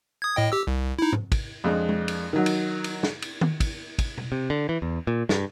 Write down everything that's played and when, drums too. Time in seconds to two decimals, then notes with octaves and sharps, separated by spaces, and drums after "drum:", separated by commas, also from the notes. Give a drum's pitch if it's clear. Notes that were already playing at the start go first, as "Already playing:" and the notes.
0.22 D#6 G#6
0.36 A2 D#5 G5
0.52 G4 E6
0.67 C2
0.99 D#4 E4
1.13 drum: tom G#2
1.32 drum: kick, cymbal
1.64 F2 G#3 D4
1.89 drum: tom G#3
2.08 drum: cymbal
2.33 D#3 F#3
2.46 drum: cymbal
2.84 drum: cymbal
3.03 drum: snare
3.22 drum: cymbal
3.41 drum: tom D#3
3.60 drum: kick, cymbal
3.99 drum: kick, cymbal
4.18 drum: tom B2
4.32 C3
4.50 D3
4.69 E3
4.82 E2
5.07 A#2
5.29 G2, drum: snare